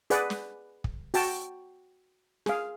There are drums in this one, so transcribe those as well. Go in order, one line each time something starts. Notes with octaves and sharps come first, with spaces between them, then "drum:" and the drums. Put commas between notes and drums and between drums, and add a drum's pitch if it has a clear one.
G#4 B4 D5 F#5, drum: hi-hat
drum: snare
drum: kick
F#4 G5 A5, drum: open hi-hat
G#4 F5, drum: snare